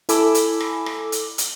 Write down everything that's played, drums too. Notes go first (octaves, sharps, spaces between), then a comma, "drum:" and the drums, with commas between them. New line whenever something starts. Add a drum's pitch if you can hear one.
E4 A4 G#5 B5 D6 E6, drum: hi-hat
drum: hi-hat
drum: rim click
drum: rim click
drum: hi-hat
drum: hi-hat